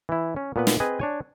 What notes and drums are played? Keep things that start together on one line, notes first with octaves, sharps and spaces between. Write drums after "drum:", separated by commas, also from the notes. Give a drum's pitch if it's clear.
E3 E4
C#4
A#2 B3 B4
drum: snare
C4 G#4 B4 D#5 G#5
D4 C#5 G#5